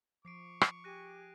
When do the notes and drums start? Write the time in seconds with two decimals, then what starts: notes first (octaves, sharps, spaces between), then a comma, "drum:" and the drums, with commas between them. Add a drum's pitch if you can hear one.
0.25 F3 C#6 D6 C7 D7
0.61 drum: rim click
0.84 G4 G#4 F#6 A#6 D#7